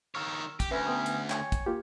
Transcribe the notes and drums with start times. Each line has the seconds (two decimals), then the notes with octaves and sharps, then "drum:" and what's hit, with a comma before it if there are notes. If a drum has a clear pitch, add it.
0.15 D#3 C#5 E6 F6
0.60 G4, drum: kick, hi-hat
0.71 D2 C#4 B4 E5
0.87 B3 G5 D#6
1.06 drum: hi-hat
1.30 C#5 G5 G#5, drum: clap
1.52 drum: kick, hi-hat
1.66 A#3 F4 G4